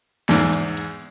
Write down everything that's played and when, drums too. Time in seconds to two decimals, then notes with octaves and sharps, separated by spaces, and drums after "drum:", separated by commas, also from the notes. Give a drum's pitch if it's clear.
0.29 E2 G#2, drum: snare
0.53 drum: hi-hat
0.77 drum: hi-hat